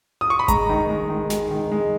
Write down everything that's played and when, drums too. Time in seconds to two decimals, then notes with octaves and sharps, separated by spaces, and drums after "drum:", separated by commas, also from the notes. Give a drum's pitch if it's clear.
0.21 D#6
0.30 C#6
0.39 B5
0.48 G#3 A#5, drum: kick G#1, hi-hat
0.69 D#3
0.89 G#3
1.09 D#3
1.30 G#3, drum: snare
1.51 D#3
1.72 G#3